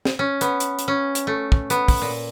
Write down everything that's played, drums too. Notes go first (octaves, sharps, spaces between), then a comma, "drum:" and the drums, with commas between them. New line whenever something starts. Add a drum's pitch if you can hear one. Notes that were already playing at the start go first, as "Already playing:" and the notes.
drum: snare
C#4
B3, drum: hi-hat
drum: hi-hat
drum: hi-hat
C#4
drum: hi-hat
A3
drum: kick
B3, drum: hi-hat
drum: kick, open hi-hat
A#2